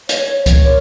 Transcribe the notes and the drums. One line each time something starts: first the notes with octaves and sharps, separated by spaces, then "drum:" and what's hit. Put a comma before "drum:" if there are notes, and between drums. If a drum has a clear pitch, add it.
C#5, drum: hi-hat
C#5
drum: kick C#2, hi-hat
A#4